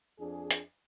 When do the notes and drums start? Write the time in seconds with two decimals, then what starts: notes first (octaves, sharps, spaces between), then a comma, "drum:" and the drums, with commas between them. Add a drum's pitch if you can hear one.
0.19 F2 D4 G#4
0.51 drum: hi-hat